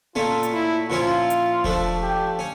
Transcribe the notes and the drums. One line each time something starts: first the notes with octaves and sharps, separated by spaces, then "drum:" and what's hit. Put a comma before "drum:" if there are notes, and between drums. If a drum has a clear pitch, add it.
A#2 A3 C#4 F4, drum: tom B3
drum: hi-hat
E4
A#2 F3 C#4 E4 F4
drum: hi-hat
F3 A3 D4, drum: kick E1
G4
C#4